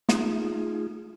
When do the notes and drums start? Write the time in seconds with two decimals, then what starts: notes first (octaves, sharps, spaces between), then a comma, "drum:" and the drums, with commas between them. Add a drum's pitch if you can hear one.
0.09 A3 D#4 F4 G#4, drum: snare